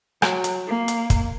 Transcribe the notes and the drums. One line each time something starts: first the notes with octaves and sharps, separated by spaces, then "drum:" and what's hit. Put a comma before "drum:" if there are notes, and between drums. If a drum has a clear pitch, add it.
F#3, drum: rim click
drum: hi-hat
A#3
drum: hi-hat
drum: kick, hi-hat